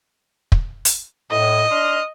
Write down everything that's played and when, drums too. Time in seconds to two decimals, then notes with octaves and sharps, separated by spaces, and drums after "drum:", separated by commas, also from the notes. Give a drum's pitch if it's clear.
0.52 drum: kick
0.85 drum: hi-hat
1.31 A2 D#5
1.71 D4 C6 F6